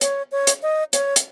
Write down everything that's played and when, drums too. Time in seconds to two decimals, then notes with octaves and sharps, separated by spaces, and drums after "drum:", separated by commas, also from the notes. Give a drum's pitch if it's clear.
0.01 C#5, drum: hi-hat
0.32 C#5
0.47 drum: hi-hat
0.63 D#5
0.93 C#5, drum: hi-hat
1.16 drum: hi-hat